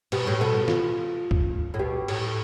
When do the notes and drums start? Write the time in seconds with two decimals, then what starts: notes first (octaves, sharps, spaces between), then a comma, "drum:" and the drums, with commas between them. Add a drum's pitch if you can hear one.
0.12 B2 G4, drum: cymbal
0.27 A2
0.41 B2 A4
0.68 F4, drum: snare
1.31 drum: kick
1.74 A2
1.79 B2 G4
2.08 A2, drum: cymbal